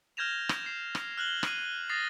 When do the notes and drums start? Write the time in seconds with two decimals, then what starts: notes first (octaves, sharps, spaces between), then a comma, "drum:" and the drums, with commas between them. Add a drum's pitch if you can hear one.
0.17 F6 G6 G#6 A#6 E7 F7
0.49 drum: rim click
0.66 C7
0.95 drum: rim click
1.17 F6 F#6 F#7 G7
1.43 C7 D#7, drum: rim click
1.65 G7
1.89 D#6 A6 A#6 C7